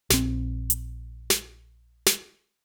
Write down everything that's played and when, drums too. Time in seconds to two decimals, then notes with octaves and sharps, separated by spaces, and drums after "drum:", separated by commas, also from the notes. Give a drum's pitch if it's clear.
0.10 A#1 C4, drum: snare
0.70 drum: hi-hat
1.30 drum: snare
2.06 drum: snare